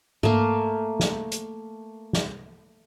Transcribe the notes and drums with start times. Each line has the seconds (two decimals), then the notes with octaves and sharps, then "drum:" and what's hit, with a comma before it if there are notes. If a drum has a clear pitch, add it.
0.23 A3 A#3, drum: tom G#2
1.00 drum: snare
1.32 drum: hi-hat
2.13 drum: snare